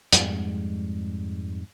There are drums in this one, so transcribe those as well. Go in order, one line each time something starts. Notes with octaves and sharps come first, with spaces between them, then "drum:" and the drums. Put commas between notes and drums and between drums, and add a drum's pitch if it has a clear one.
F2 G#2 G3 G#3, drum: hi-hat